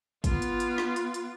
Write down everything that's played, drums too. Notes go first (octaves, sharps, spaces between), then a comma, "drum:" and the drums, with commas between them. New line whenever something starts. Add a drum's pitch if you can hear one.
B3 F4, drum: kick, hi-hat
drum: hi-hat
drum: hi-hat
drum: snare
drum: hi-hat
drum: hi-hat